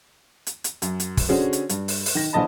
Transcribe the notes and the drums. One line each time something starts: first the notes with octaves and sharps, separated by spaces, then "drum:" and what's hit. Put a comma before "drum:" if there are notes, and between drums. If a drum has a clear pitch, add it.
drum: hi-hat
drum: hi-hat
F#2, drum: hi-hat
drum: hi-hat
drum: kick, open hi-hat
D3 C#4 F#4 G#4 C5
drum: hi-hat
G2, drum: hi-hat
drum: open hi-hat
drum: open hi-hat
D#3 A#6
A#1 D3 E3 D#5 A5 B5